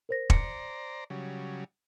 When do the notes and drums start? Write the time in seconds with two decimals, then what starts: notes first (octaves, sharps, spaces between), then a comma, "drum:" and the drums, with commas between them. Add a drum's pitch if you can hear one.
0.09 A#4 C5 A#6
0.30 C5 D5 A#5 C#7, drum: kick E1
1.10 C#3 F#3 G3